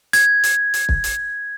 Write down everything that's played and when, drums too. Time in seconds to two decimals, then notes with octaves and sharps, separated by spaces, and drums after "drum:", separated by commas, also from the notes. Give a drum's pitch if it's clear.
0.13 G#6, drum: hi-hat
0.44 drum: hi-hat
0.74 drum: hi-hat
0.89 drum: kick
1.04 drum: hi-hat